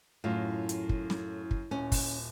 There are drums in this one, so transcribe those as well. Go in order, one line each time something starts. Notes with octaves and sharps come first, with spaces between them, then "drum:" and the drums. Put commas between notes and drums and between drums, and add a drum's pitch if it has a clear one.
F#2 A2 F4
drum: hi-hat
drum: kick
drum: snare
drum: kick
D#1 C#4
drum: kick, open hi-hat